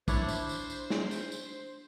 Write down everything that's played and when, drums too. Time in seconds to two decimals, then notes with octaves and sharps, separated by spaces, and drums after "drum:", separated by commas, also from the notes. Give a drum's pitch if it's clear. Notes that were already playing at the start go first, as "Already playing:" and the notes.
0.08 D4 E4 C5 C#5, drum: kick, tambourine
0.28 drum: tambourine
0.49 drum: tambourine
0.70 drum: tambourine
0.90 drum: snare
1.11 drum: tambourine
1.32 drum: tambourine